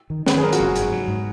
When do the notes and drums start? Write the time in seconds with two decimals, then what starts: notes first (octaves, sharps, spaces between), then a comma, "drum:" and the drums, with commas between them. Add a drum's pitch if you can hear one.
0.10 D#3
0.26 D#3 B4, drum: snare
0.38 G#4
0.43 F#3 A#4
0.53 F#4, drum: hi-hat
0.59 F#1 G#4
0.76 G#2, drum: hi-hat
0.92 F#3
1.08 G#2